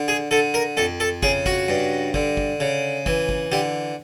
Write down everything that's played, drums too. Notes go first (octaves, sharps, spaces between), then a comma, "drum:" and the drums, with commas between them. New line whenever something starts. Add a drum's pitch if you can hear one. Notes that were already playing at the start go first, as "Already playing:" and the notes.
Already playing: D3
G#4
D3 A4
A#4
F2 A4
A4
C#3 G#4, drum: kick
F#4, drum: kick
G2
D3, drum: kick
drum: kick
C#3
E3, drum: kick
drum: kick
D3 G4